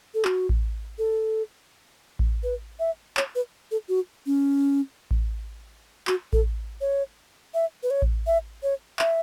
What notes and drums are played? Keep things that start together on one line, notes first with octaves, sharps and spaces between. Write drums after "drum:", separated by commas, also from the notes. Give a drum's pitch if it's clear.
A4
F#4, drum: clap
drum: kick A1
A4
drum: kick A1
B4
E5
C#5, drum: clap
B4
A4
F#4
C#4
drum: kick A1
F#4, drum: clap
A4, drum: kick A1
C#5
E5
B4
C#5
drum: kick A1
E5
C#5
E5, drum: clap